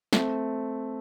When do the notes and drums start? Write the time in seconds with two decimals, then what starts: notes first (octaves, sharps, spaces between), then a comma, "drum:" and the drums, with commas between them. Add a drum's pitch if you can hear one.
0.13 A3 C4, drum: snare